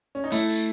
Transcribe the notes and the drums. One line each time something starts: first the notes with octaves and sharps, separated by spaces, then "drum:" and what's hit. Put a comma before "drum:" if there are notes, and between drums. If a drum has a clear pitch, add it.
C#4
D#4
A3 E4, drum: tambourine
drum: tambourine